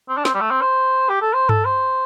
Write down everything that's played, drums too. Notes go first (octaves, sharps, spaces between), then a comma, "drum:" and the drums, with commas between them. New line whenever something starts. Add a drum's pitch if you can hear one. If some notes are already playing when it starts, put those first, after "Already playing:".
C4
D4
C4, drum: snare
G3
A3
C4
C5
G4
A4
C5
A4, drum: tom G2
C5